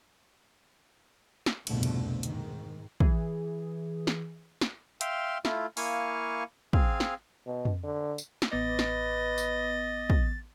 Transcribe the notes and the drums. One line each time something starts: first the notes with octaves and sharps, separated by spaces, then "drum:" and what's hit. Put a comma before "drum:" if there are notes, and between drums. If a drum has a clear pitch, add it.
drum: snare
C2 F2 G#2 B2 D3 A3, drum: cymbal
drum: cymbal
G#2 D#3, drum: hi-hat
E3 G#4, drum: kick
drum: snare
drum: snare
E5 F5 G5 C6 F6, drum: hi-hat
A3 E4 F4, drum: snare
A#3 E4 F5 G#5 C#6, drum: open hi-hat
C4 G#4 F5, drum: kick
drum: snare
B2
drum: tom
D3
drum: tambourine
drum: snare
A1 B3 B4 D#5 D6 A6
drum: snare
drum: tambourine
drum: kick